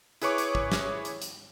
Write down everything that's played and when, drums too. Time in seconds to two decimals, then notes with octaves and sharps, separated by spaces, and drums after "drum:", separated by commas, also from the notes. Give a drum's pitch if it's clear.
0.22 E4 G#4 B4 C#5 C#6 D6, drum: hi-hat
0.38 drum: hi-hat
0.55 drum: kick
0.72 drum: snare
1.05 drum: hi-hat
1.22 drum: hi-hat